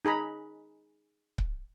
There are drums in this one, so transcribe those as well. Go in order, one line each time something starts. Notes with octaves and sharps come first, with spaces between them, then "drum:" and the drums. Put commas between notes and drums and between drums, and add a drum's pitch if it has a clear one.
D#4 G#4 A#5 B5
drum: kick C#1